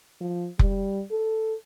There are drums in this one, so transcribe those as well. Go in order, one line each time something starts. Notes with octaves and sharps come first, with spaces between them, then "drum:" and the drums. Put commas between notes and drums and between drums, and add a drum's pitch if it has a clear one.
F3
G3, drum: kick F1
A4